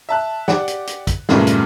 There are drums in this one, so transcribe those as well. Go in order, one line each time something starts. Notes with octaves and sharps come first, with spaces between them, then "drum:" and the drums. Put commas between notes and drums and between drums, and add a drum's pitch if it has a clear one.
E5 A5 F#6
G4 D5 F#5, drum: snare
drum: hi-hat
drum: hi-hat
drum: kick, hi-hat
E2 G2 A#2 C#3 G#3 A3, drum: snare
drum: hi-hat